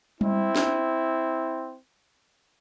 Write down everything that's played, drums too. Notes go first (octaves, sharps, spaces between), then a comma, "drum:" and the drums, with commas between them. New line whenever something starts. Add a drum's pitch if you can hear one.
C4 E4, drum: tom G3
drum: snare